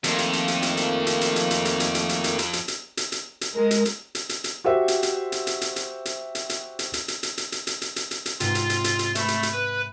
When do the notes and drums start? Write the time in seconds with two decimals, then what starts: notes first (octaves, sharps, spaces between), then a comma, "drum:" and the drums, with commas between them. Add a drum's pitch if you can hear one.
0.04 F2 D#3 A3 A#3, drum: hi-hat
0.18 drum: hi-hat
0.33 drum: hi-hat
0.48 drum: hi-hat
0.63 drum: hi-hat
0.77 drum: hi-hat
1.07 drum: hi-hat
1.21 drum: hi-hat
1.36 drum: hi-hat
1.51 drum: hi-hat
1.65 drum: hi-hat
1.80 drum: hi-hat
1.95 drum: hi-hat
2.09 drum: hi-hat
2.24 drum: hi-hat
2.39 drum: hi-hat
2.53 drum: hi-hat
2.68 drum: hi-hat
2.97 drum: hi-hat
3.12 drum: hi-hat
3.41 drum: hi-hat
3.54 G#3 A#4
3.71 drum: hi-hat
3.85 drum: hi-hat
4.15 drum: hi-hat
4.29 drum: hi-hat
4.44 drum: hi-hat
4.64 F#4 G4 C5 E5 F#5
4.88 drum: hi-hat
5.03 drum: hi-hat
5.32 drum: hi-hat
5.47 drum: hi-hat
5.61 drum: hi-hat
5.76 drum: hi-hat
6.05 drum: hi-hat
6.35 drum: hi-hat
6.49 drum: hi-hat
6.79 drum: hi-hat
6.94 drum: hi-hat
7.08 drum: hi-hat
7.23 drum: hi-hat
7.38 drum: hi-hat
7.52 drum: hi-hat
7.67 drum: hi-hat
7.82 drum: hi-hat
7.96 drum: hi-hat
8.11 drum: hi-hat
8.26 drum: hi-hat
8.40 G#2 C3 F4, drum: hi-hat
8.55 drum: hi-hat
8.70 drum: hi-hat
8.84 drum: hi-hat
8.99 drum: hi-hat
9.15 A3 E5 B5, drum: hi-hat
9.28 drum: hi-hat
9.43 drum: hi-hat
9.52 B4